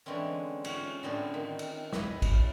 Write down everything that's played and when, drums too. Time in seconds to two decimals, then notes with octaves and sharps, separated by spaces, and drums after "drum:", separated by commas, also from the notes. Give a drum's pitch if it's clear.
0.06 D3 E3 G#3 C4 C#4
0.65 C#4 F#5, drum: cymbal
1.03 A2 D3 C4 G#4
1.34 D#3
1.59 drum: cymbal
1.93 G#4 B4 D#5 E5, drum: snare
2.22 drum: kick, cymbal